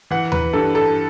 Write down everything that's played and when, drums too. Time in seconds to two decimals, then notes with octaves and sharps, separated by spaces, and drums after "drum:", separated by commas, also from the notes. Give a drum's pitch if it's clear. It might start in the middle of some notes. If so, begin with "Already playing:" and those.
0.11 E3 F#5
0.32 B4, drum: tom D#2
0.53 G2 A4
0.75 A4